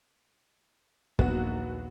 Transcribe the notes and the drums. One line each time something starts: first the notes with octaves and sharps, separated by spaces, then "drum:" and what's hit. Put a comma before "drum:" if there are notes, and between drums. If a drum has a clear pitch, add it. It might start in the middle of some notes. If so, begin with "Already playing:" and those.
A#1 D#2 F#3 B3 F#4, drum: kick